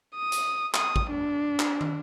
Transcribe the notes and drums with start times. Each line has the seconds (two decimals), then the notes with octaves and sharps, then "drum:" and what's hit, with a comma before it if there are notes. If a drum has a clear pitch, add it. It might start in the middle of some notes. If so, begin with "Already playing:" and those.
0.15 D#6
0.32 drum: hi-hat
0.74 D#6, drum: clap
0.96 drum: kick
1.11 D4
1.59 drum: clap
1.81 drum: tom